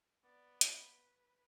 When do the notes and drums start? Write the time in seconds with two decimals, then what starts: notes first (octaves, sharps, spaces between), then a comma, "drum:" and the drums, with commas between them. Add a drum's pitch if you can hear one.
0.24 B3 D5
0.61 drum: hi-hat
0.73 B4